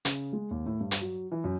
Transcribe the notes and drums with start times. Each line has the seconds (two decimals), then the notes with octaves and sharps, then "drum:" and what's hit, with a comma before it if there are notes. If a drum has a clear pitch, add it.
0.05 C#3, drum: hi-hat
0.33 G#3
0.51 D#2
0.66 A2
0.81 G2
0.91 drum: hi-hat
1.01 F#3
1.32 E3
1.44 F#2